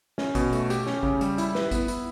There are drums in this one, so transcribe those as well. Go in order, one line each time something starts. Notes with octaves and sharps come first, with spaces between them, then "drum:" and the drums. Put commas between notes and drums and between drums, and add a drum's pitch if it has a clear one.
C#4, drum: snare
B2, drum: kick G#1, hi-hat
A3, drum: hi-hat
G4, drum: hi-hat
C#4, drum: snare
C#3, drum: kick G#1
G3, drum: hi-hat
E4, drum: hi-hat
B4, drum: snare
B3, drum: kick G#1, hi-hat
E4, drum: hi-hat